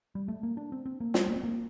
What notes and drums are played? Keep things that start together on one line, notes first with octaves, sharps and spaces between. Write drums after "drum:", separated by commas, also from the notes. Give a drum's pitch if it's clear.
G3
A3
A#3
D4
C4
C4
A#3
G3, drum: snare
A#3
C4
A#3